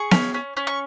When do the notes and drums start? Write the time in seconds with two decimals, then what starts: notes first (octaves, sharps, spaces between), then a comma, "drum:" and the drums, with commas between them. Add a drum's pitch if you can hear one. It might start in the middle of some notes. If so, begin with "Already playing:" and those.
Already playing: G#4 C#6
0.11 C#4, drum: snare B3
0.34 C#4
0.57 C#4
0.67 C#6